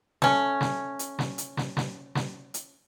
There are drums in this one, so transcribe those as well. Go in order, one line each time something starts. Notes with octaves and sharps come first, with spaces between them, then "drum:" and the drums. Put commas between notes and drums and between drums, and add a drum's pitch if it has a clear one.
A3 C#4, drum: snare
drum: snare
drum: hi-hat
drum: snare
drum: hi-hat
drum: snare
drum: snare
drum: snare
drum: hi-hat